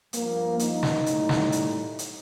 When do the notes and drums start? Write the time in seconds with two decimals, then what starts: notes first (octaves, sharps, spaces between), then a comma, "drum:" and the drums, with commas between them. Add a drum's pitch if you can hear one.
0.13 G2 F3 A#3, drum: hi-hat
0.59 D#4, drum: hi-hat
0.83 drum: snare
1.06 A2 G3, drum: hi-hat
1.29 drum: snare
1.52 drum: hi-hat
1.99 drum: hi-hat